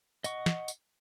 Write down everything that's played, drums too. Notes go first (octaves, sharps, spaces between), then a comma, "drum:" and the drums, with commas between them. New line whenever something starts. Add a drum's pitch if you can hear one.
D#5 F#5 C#6, drum: tambourine
drum: snare
drum: tambourine